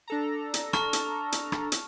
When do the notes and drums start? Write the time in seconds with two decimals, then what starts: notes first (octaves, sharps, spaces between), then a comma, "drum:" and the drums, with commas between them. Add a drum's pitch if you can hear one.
0.08 D4 A4 A#5
0.54 drum: hi-hat
0.73 A5 C#6 F6, drum: rim click
0.93 drum: hi-hat
1.32 drum: hi-hat
1.52 drum: rim click
1.72 drum: hi-hat